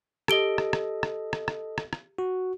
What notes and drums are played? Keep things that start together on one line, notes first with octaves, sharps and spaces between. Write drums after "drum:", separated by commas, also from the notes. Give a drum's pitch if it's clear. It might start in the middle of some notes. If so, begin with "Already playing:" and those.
G4 A4 D#5 D7 G7, drum: rim click
drum: rim click
drum: rim click
drum: rim click
drum: rim click
drum: rim click
drum: rim click
drum: rim click
F#4